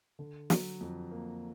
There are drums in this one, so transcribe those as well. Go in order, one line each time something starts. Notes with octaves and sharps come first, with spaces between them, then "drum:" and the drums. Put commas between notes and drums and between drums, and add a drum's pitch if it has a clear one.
D3
F#3, drum: snare
F2
A#3